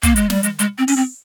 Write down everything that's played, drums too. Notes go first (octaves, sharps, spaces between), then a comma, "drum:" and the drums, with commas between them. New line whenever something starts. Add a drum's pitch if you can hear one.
A#3, drum: kick, hi-hat
G#3, drum: hi-hat
G3, drum: snare
G#3, drum: hi-hat
G#3, drum: hi-hat
C4
C#4, drum: open hi-hat
C4